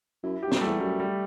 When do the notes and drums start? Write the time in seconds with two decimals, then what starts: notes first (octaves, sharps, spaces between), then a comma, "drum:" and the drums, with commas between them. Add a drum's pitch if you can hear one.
0.24 F#2 E4
0.43 G2 G4
0.51 F#2 G3, drum: snare
0.61 E2 A3
0.80 F#2 G3
1.00 G3